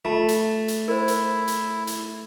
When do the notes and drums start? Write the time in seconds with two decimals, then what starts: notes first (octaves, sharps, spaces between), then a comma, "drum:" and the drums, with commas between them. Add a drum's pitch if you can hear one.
0.05 A3 F4 A5
0.28 drum: hi-hat
0.68 drum: hi-hat
0.88 E4 A#4 C5
1.08 drum: hi-hat
1.48 drum: hi-hat
1.87 drum: hi-hat